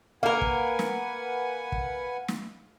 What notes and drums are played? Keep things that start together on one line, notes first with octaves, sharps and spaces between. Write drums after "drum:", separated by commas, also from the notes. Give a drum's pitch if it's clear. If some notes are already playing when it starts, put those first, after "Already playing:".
A#3 A#4 B4 F5 F#5 G#5
drum: kick
drum: snare
drum: kick
drum: snare